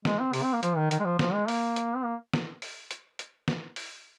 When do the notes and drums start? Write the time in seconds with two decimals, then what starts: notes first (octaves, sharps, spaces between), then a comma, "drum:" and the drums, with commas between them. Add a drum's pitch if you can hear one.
0.05 G#3, drum: snare
0.20 C4
0.33 C3, drum: open hi-hat
0.43 C4
0.53 A#3
0.63 F3, drum: hi-hat
0.76 D#3
0.91 D#3, drum: hi-hat
1.00 G#3
1.05 F3
1.19 F3, drum: snare
1.33 G#3
1.48 A#3, drum: open hi-hat
1.76 drum: hi-hat
1.96 C4
2.04 A#3
2.34 drum: snare
2.62 drum: open hi-hat
2.91 drum: hi-hat
3.19 drum: hi-hat
3.48 drum: snare
3.76 drum: open hi-hat